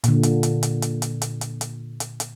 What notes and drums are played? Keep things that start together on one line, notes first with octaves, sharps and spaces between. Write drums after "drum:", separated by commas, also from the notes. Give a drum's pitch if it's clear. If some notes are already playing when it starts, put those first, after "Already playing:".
A#2 D3, drum: hi-hat
drum: hi-hat
drum: hi-hat
drum: hi-hat
drum: hi-hat
drum: hi-hat
drum: hi-hat
drum: hi-hat
drum: hi-hat
drum: hi-hat
drum: hi-hat